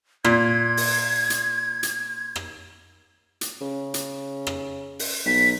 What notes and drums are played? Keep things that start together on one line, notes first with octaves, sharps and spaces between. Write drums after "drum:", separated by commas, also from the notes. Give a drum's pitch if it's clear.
A#2 G#6, drum: rim click
drum: open hi-hat
drum: hi-hat
drum: hi-hat
drum: rim click
drum: hi-hat
C#3
drum: hi-hat
drum: rim click
drum: open hi-hat
B1 B6